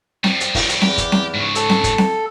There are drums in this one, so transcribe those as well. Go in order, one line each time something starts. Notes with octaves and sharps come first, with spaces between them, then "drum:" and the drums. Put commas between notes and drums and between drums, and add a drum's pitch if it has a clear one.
F3 G3, drum: snare C4
drum: hi-hat
drum: kick G1, open hi-hat
drum: hi-hat
E2 G4, drum: snare C4
drum: kick G1, hi-hat
drum: snare C4
G#2 C#3
A4, drum: hi-hat
drum: snare C4
drum: kick G1, hi-hat
drum: snare C4